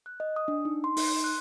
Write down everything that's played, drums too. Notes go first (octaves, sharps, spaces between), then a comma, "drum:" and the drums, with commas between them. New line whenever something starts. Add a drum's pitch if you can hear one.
F#6
D#5
D#6
D4
D#4
C6
D#4, drum: open hi-hat
C6
F#6